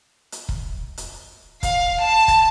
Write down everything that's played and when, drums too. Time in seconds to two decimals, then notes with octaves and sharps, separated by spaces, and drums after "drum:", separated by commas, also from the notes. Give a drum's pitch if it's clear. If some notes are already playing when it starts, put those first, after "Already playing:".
0.32 drum: hi-hat
0.49 drum: kick
0.98 drum: hi-hat
1.63 F5, drum: kick, hi-hat
2.01 A5
2.28 drum: kick, hi-hat